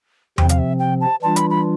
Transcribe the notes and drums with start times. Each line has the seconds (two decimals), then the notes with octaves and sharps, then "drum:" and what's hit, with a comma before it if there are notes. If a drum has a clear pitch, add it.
0.38 C3 F3 C4 G5, drum: tom E2
0.49 F5, drum: hi-hat
0.58 E5
0.79 G5
1.01 A5
1.22 E3 G3 D4 F4 A5
1.36 B5, drum: hi-hat
1.50 B5